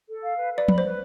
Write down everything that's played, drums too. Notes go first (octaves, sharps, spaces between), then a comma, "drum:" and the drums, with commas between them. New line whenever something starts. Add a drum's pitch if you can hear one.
A4
F5
B4
B4 D5
B5, drum: tom F3
B4 C5